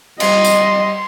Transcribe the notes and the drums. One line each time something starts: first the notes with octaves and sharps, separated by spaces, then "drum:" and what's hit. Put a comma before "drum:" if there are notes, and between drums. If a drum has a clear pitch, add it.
G3 D#5 C6, drum: cymbal
drum: tambourine